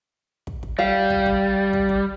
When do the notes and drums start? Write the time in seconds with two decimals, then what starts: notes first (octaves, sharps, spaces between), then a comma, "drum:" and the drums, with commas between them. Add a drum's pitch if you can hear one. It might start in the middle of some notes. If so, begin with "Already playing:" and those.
0.47 drum: kick
0.63 drum: kick
0.79 G3 F5
1.10 drum: kick
1.26 drum: kick
1.73 drum: kick
1.89 drum: kick